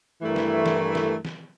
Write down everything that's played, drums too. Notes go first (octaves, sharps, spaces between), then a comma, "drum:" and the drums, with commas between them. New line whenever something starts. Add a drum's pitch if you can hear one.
G2 E3 A3 E4 A#4
drum: snare
drum: snare
drum: snare
drum: snare